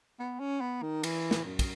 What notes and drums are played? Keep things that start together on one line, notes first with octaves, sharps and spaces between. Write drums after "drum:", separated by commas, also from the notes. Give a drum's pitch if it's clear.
B3
C#4
B3
D#3
E3, drum: cymbal
drum: snare
F#2
drum: kick, cymbal